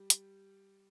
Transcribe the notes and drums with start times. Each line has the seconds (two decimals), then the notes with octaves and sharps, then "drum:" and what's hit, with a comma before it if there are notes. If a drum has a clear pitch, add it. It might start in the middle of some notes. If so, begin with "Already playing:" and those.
Already playing: G3
0.10 drum: hi-hat